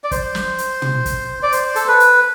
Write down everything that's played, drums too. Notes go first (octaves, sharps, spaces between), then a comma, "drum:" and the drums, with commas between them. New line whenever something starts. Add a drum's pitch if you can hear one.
D5
C5, drum: kick, hi-hat
drum: snare
drum: hi-hat
drum: tom
drum: kick, hi-hat
D5
C5, drum: hi-hat
A4, drum: hi-hat
B4
drum: hi-hat